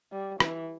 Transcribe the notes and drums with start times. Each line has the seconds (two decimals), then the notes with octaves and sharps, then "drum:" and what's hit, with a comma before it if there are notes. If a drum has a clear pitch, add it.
0.12 G3
0.40 E3, drum: rim click